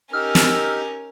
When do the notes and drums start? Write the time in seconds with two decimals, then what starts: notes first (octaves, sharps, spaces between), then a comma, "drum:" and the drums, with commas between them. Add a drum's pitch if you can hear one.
0.13 C#4 D#4 G4 A#4 E6 F6
0.35 drum: snare